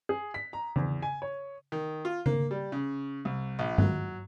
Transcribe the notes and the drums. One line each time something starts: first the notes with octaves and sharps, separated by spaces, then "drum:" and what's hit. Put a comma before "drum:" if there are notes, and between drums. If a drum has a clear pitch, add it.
G#4
B6
A#5
E2, drum: tom C#3
G#5
C#5
D#3
F4
A#3, drum: tom C#3
G3
C#3
C2
A#1
F#3, drum: tom G2